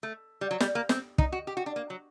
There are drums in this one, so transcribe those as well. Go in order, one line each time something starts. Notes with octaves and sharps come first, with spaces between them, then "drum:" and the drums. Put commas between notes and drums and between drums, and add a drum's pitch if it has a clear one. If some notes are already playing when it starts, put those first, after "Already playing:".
A3
G3
F#3
G3, drum: snare
A#3
C4, drum: snare
D#4, drum: kick
F#4
G4
F#4
D4
A#3
F#3